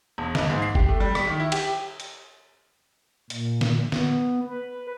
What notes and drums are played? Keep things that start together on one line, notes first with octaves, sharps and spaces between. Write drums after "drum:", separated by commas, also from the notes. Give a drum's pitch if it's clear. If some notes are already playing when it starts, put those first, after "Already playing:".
E1
C#2, drum: snare
G#2
C7
G4, drum: kick G1
A3
G3
B6, drum: rim click
D#3
E4
G4, drum: cymbal
drum: hi-hat
A#2, drum: hi-hat
drum: snare
B3, drum: snare
B4